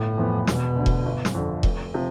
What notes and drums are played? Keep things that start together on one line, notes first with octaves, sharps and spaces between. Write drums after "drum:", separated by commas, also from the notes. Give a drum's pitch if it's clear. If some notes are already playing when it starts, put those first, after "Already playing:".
Already playing: G1 A2
F2 E3 B3
E1 B2, drum: snare
D2 D3
drum: kick E1
G1
drum: snare
F2 D3
F1, drum: kick E1
C3 F3